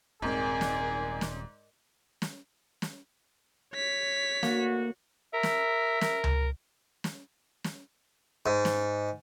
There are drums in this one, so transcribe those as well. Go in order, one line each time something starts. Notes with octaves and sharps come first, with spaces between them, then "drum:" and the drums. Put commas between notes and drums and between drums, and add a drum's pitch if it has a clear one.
D#1 G#2 C4 G#4 A#4 D5
drum: snare
drum: snare
drum: snare
drum: snare
C#5 B6
D2 A#3 F#4, drum: snare
A#4 E5
drum: snare
A#4, drum: snare
drum: tom C#2
drum: snare
drum: snare
G#2
drum: snare